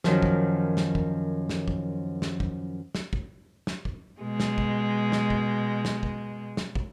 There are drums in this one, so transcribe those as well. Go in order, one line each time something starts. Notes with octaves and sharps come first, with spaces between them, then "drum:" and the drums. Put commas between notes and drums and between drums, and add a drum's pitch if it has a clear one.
F#2 D#3 F3, drum: snare
drum: kick
drum: snare
drum: kick
drum: snare
drum: kick
drum: snare
drum: kick
drum: snare
drum: kick
drum: snare
drum: kick
B2 G#3
drum: snare
drum: kick
drum: snare
drum: kick
drum: snare
drum: kick
drum: snare
drum: kick